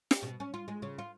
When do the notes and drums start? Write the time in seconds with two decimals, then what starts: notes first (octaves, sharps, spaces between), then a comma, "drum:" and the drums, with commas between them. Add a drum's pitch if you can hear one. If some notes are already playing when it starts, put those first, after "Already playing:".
0.11 drum: snare
0.22 B2
0.40 C#4
0.54 F4
0.68 G#3
0.82 C#3
0.99 F4